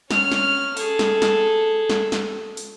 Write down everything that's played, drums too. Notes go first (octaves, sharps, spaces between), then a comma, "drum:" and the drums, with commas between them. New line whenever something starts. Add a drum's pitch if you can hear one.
C#4 F6, drum: snare
drum: snare
G#4 A4, drum: open hi-hat
drum: snare
drum: snare
drum: snare
drum: snare
drum: open hi-hat